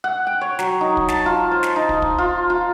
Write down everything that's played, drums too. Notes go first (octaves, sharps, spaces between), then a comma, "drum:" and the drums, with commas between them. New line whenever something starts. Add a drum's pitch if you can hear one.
F#5
G5
C#5
F#3, drum: snare
D#4
drum: kick
A5, drum: snare
F4
C5
drum: snare
D#4
drum: kick
drum: kick
F4
F4